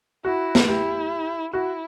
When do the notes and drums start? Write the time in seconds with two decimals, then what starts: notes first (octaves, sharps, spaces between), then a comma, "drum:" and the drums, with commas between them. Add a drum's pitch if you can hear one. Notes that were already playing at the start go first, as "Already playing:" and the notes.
0.25 E4 F#4
0.55 drum: snare
0.68 E4 G4
1.53 E4 F#4